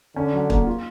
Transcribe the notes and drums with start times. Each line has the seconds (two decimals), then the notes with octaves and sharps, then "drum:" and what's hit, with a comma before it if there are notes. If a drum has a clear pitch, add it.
0.16 D3 C#4
0.33 F#3
0.50 A#3, drum: kick
0.67 F4